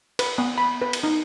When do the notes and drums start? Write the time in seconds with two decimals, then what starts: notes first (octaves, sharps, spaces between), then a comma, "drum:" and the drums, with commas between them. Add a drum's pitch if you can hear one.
0.19 B4, drum: cymbal
0.38 B3
0.58 B5
0.82 B4
0.93 drum: cymbal
1.04 D#4